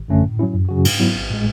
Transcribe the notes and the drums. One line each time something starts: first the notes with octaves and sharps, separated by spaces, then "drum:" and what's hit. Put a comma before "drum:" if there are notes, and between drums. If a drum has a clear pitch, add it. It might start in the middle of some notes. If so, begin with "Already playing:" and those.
Already playing: G#1
F#2 D3 A3 C#4
A2
F#3 C#4 E4
F#2
C#3 F#3 C#4 F#4
G#2, drum: cymbal
F#3 B3 E4
A1
A2 G#3